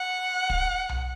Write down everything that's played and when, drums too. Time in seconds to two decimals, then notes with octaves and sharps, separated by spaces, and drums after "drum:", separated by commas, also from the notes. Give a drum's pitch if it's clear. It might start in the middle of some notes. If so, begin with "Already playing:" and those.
Already playing: F#5
0.50 drum: kick
0.89 drum: tom B1